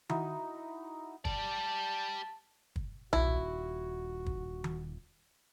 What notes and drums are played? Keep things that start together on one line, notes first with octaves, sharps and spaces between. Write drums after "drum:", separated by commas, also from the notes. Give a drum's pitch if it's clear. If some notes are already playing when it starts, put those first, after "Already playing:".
D#4 E4 F#4, drum: tom D#3
G3 D5 A5, drum: kick
drum: kick
D#1 E4 F#4, drum: tom B1
drum: kick
drum: tom D#3